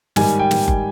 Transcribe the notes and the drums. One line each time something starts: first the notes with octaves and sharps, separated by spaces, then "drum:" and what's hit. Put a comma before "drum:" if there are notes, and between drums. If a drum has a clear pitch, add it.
G#2 D#3 G3 G#5, drum: snare
G5
drum: snare
drum: kick F#1